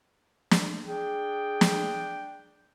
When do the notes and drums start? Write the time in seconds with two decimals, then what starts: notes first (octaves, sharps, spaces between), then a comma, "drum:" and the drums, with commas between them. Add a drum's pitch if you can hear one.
0.51 drum: snare
0.88 D4 G#4 G5
1.61 drum: snare